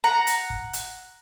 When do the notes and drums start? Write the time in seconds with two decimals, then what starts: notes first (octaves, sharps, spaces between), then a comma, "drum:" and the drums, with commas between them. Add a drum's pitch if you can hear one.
0.04 F#5 A#5
0.27 drum: hi-hat
0.50 drum: kick
0.73 drum: hi-hat